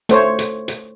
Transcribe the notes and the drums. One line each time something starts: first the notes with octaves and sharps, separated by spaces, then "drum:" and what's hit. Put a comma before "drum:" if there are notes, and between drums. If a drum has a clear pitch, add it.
A3 C5 C#5, drum: hi-hat
drum: hi-hat
drum: hi-hat